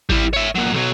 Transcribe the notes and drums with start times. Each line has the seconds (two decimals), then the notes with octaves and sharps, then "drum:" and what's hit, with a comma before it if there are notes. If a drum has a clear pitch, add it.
0.09 G3 E4, drum: kick G#1
0.33 C#5 E5
0.55 A#2 F#3
0.73 B1 F#3